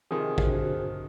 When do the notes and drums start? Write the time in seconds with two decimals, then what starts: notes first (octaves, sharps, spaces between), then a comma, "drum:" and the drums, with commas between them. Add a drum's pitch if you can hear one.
0.11 C3 D#3 F3 G#4
0.38 D4 F#4 C5, drum: kick